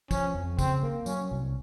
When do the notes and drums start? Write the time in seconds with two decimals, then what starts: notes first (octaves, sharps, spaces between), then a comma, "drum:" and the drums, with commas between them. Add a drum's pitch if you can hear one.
0.11 F3 C#4, drum: kick, tambourine
0.35 F2
0.59 C#3 C4, drum: kick, tambourine
0.83 A#3
1.06 F#3 C#4, drum: tambourine
1.31 C2